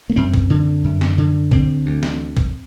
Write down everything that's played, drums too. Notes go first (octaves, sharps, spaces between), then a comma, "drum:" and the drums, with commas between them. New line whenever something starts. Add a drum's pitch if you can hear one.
A#3
F#2 C4
drum: kick B1
D3
F#2
drum: snare
D3
D3 C4, drum: kick B1
D2
drum: snare
drum: kick B1